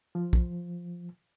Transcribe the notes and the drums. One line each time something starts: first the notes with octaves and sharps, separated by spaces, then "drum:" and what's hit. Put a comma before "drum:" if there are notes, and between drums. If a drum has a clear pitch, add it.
F3
drum: kick